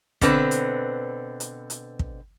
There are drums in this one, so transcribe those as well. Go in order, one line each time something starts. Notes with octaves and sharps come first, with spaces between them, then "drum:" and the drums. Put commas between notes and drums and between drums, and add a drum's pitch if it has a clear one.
B2 D3 C4 B4, drum: kick, hi-hat
drum: hi-hat
drum: hi-hat
drum: hi-hat
drum: kick